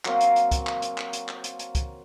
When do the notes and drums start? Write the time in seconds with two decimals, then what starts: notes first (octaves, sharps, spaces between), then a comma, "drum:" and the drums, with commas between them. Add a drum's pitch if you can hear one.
0.05 F#3 A#3 C4 F5, drum: clap
0.21 drum: hi-hat
0.36 drum: hi-hat
0.51 drum: kick, hi-hat
0.67 drum: clap
0.82 drum: hi-hat
0.98 drum: clap
1.13 drum: hi-hat
1.29 drum: clap
1.44 drum: hi-hat
1.59 drum: hi-hat
1.75 drum: kick, hi-hat